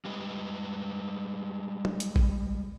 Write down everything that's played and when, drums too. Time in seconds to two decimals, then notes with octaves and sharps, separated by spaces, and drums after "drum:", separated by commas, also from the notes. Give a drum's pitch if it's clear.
0.05 G3 G#3 B4 D#5
1.85 drum: tom F#3
2.00 drum: hi-hat
2.16 drum: kick A1